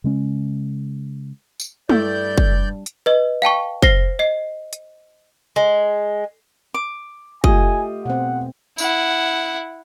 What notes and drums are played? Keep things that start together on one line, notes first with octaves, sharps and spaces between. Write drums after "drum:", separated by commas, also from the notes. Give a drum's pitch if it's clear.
C#3 G#3 C#4
drum: tambourine
G2 A3 E4 D5 G6, drum: tom
drum: kick
drum: hi-hat
B4 D#5
F5 G5 A5 C#6
C5 F6 A#6 C7, drum: kick
D#5 C7
drum: hi-hat
G#3
D6
A3 F4 G4 D#5 G#5, drum: kick
B2 C4 F#5
E4 F#5, drum: tambourine